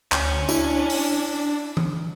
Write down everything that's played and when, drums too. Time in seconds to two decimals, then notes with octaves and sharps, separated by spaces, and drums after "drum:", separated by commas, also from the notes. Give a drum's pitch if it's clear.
0.12 D2 C#4, drum: clap
0.49 D4 E4, drum: tambourine
0.90 drum: open hi-hat
1.77 drum: tom E3